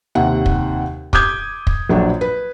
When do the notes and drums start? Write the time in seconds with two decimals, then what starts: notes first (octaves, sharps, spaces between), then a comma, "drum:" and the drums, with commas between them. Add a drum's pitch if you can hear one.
0.15 D#2 C3 F#5
0.46 drum: kick
1.13 D6 D#6 G6 G#6, drum: kick
1.67 drum: kick
1.89 A#1 F#3 D4
2.21 B4